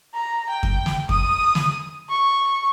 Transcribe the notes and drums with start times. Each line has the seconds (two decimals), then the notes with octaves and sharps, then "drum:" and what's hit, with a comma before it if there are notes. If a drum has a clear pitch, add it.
0.14 A#5
0.49 G5
0.63 drum: kick F2
0.86 drum: snare
1.09 D#6, drum: kick F2
1.55 drum: snare
2.09 C#6